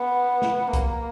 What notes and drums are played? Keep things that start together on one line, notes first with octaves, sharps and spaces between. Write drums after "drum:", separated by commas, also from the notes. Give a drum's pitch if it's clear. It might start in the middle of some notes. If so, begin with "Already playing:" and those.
Already playing: B3
drum: snare
A#3, drum: kick C2, hi-hat